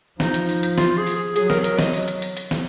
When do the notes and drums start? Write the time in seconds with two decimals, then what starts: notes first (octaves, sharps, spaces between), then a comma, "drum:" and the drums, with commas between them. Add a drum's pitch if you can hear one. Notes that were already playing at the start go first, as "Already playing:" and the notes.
0.20 F3 D#4, drum: snare
0.34 drum: hi-hat
0.49 drum: open hi-hat
0.63 drum: hi-hat
0.78 F4, drum: snare
0.97 G#4
1.07 drum: open hi-hat
1.16 G#4
1.36 F#3 G#4, drum: hi-hat
1.50 A#4, drum: snare
1.59 G#4
1.64 A#4, drum: hi-hat
1.79 D#5, drum: snare
1.93 drum: open hi-hat
2.08 drum: hi-hat
2.22 drum: hi-hat
2.37 drum: hi-hat
2.51 drum: snare